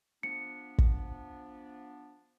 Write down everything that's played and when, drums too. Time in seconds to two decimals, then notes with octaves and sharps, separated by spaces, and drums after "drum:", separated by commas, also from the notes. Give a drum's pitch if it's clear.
0.23 F3 B3 D4 C#7
0.78 drum: kick